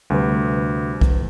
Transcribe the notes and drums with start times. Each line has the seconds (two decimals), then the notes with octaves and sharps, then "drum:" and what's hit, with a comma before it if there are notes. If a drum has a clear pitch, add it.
0.10 D2 C3 G3 B4
1.01 drum: kick